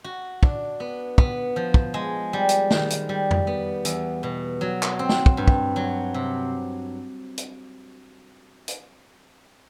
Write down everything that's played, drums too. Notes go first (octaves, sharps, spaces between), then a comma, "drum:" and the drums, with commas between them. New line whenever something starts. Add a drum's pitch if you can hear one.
F#4
D4, drum: kick
B3
B3, drum: kick
F3
drum: kick
G#3
G3
drum: hi-hat
D#3, drum: snare
drum: hi-hat
G3
drum: tom F2
B3
E2, drum: hi-hat
B2
F#3
drum: clap
C4
drum: snare
drum: kick
G2
drum: kick
F#3
C3
drum: hi-hat
drum: hi-hat